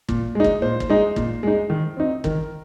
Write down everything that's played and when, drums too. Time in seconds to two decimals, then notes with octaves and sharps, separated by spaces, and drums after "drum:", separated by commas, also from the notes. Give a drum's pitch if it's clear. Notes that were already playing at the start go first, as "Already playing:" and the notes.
0.09 A#2, drum: kick
0.35 G#3 D#4
0.44 drum: kick
0.62 A#2 C5
0.80 drum: kick
0.90 G#3 D#4
1.16 A#2, drum: kick
1.43 G#3 D#4
1.70 D#3
1.97 C4 D#4
2.24 D#3 A#4, drum: kick